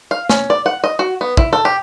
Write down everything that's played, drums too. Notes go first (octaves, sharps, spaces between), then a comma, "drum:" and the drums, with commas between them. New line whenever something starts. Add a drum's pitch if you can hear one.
F5
C#4, drum: snare
D5
F#5
D#5
F#4
B3
E4, drum: kick
A4
G4